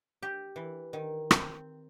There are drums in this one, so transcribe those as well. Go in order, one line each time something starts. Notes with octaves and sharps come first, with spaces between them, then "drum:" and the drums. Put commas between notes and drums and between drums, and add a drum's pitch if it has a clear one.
G4
E3
D#3
C4, drum: rim click